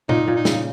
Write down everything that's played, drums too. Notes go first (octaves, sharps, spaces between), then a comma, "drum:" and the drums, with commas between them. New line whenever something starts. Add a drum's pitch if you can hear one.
A#2 D#4, drum: tom B2
A#2
D#4
C#3, drum: snare